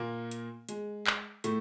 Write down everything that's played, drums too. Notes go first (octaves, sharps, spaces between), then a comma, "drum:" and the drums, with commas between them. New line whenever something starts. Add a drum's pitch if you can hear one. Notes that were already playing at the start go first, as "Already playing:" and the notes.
Already playing: A#2 A#3
drum: hi-hat
G#3, drum: hi-hat
drum: clap
A2 A3, drum: hi-hat